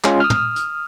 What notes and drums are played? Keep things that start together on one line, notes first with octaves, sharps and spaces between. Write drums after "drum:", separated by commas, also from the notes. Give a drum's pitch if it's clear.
G#3 C#4 F4, drum: clap
D#6 F6
drum: tom
drum: hi-hat